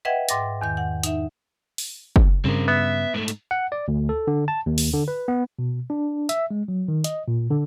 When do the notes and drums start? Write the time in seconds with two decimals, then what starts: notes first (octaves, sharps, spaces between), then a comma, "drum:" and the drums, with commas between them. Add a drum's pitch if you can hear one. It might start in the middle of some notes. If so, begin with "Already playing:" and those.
0.05 B4 D#5 E5 F#5 G5 G#6
0.29 G#2 G5 D6 A6 A#6, drum: hi-hat
0.61 E2 D#3 G6
0.77 F#5
1.03 D#4 E5, drum: hi-hat
1.78 drum: open hi-hat
2.16 drum: kick
2.45 G2 C#3 C4 A#4
2.68 B3 E5
3.14 G#2 A3
3.28 drum: hi-hat
3.51 F#5
3.72 D5
3.88 D2
4.09 A4
4.27 D3
4.48 A5
4.66 D#2
4.78 drum: open hi-hat
4.93 D3
5.08 B4
5.28 B3
5.59 B2
5.90 D4
6.29 E5, drum: hi-hat
6.51 G#3
6.68 F#3
6.88 D#3
7.04 D#5, drum: hi-hat
7.28 A#2
7.51 D3